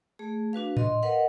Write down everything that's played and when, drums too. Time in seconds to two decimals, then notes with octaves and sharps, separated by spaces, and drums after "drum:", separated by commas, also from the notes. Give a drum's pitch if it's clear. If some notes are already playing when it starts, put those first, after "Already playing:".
0.19 A3 G#4
0.53 D4 F#4 B4 F5
0.77 D#5 C6, drum: tom A2
1.03 A#4 B4 D#5 F5 F#5